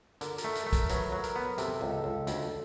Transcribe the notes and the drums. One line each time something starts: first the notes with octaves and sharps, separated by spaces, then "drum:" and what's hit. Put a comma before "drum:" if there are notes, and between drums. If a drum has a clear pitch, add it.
D3 A#4, drum: hi-hat
A#4, drum: hi-hat
A3
A4, drum: hi-hat
A3
A#4, drum: kick, hi-hat
F#3 B4, drum: hi-hat
F#3
A#4, drum: hi-hat
B3
C3 A4, drum: hi-hat
C#2
A4
C#2
D2, drum: hi-hat